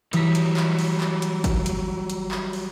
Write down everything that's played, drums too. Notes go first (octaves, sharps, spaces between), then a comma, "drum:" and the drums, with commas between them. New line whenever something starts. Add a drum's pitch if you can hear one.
E3 F#3 G3 D#6 B6, drum: hi-hat
drum: hi-hat
drum: clap
drum: open hi-hat
drum: clap
drum: hi-hat
drum: kick, hi-hat
drum: hi-hat
drum: hi-hat
drum: clap
drum: open hi-hat